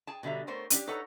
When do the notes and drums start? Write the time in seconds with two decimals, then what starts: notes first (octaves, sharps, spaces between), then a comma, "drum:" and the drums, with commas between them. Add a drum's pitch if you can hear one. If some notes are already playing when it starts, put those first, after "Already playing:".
0.07 G#4 G5 A5
0.23 B2 D3 G3 E5 A#5
0.47 A3 B3 A#4 C5 C#5
0.70 C#4 D4 F#4 G4, drum: hi-hat
0.87 D#4 A4 B4 C#5 F#5 A#5